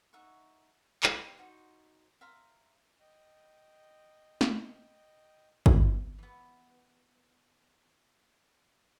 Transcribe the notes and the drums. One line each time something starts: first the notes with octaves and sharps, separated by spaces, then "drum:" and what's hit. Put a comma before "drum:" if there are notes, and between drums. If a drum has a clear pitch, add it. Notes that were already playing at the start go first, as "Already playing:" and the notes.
D#4 E5 F#5 C#6
C#5, drum: clap
G4 D5
D#4 F#4 C5
E5 F5 A#5 C6
D#5 G5
drum: snare
drum: kick G1
E3 B3